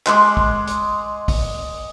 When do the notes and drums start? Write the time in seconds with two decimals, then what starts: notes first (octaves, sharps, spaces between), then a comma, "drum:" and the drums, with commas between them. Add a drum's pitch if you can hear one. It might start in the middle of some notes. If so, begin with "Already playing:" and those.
0.06 G#3 C6 D6, drum: clap
0.37 drum: kick
0.67 drum: hi-hat
1.28 drum: kick, open hi-hat